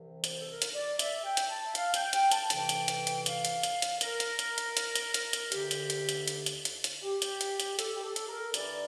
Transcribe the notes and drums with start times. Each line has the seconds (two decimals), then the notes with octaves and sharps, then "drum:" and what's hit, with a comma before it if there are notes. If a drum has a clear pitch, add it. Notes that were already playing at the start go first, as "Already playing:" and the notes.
Already playing: C2 C3 E3
0.24 C5, drum: hi-hat
0.39 A4
0.49 A#4
0.62 drum: hi-hat
0.74 D5
0.99 E5, drum: hi-hat
1.24 G5
1.37 drum: hi-hat
1.50 A5
1.66 E5
1.75 F5, drum: hi-hat
1.94 G5, drum: hi-hat
2.13 G5, drum: hi-hat
2.31 A5, drum: hi-hat
2.50 D2 C3 E3 G5, drum: hi-hat
2.69 drum: hi-hat
2.88 drum: hi-hat
3.07 drum: hi-hat
3.26 F5, drum: hi-hat
3.45 drum: hi-hat
3.63 drum: hi-hat
3.82 drum: hi-hat
4.01 A#4, drum: hi-hat
4.20 drum: hi-hat
4.39 drum: hi-hat
4.58 drum: hi-hat
4.77 drum: hi-hat
4.95 drum: hi-hat
5.14 drum: hi-hat
5.33 drum: hi-hat
5.52 D2 D3 G4, drum: hi-hat
5.71 drum: hi-hat
5.90 drum: hi-hat
6.09 drum: hi-hat
6.28 drum: hi-hat
6.46 drum: hi-hat
6.65 drum: hi-hat
6.84 drum: hi-hat
7.03 G4
7.22 drum: hi-hat
7.41 drum: hi-hat
7.60 drum: hi-hat
7.79 A4, drum: hi-hat
7.94 G4
8.04 A4
8.16 drum: hi-hat
8.29 A#4
8.54 G2 E3 D5, drum: hi-hat